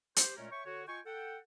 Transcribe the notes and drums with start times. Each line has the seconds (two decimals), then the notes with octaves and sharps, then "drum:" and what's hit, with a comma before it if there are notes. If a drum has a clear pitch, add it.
0.16 G4 C5, drum: hi-hat
0.37 A#2 G#3 A3 C#4 A#4 C#5
0.50 C#5 E5 G5 C#6
0.66 D3 F#4 C#5
0.87 F4 D#5 G5 G#5 C#6
1.05 A4 F#5 G5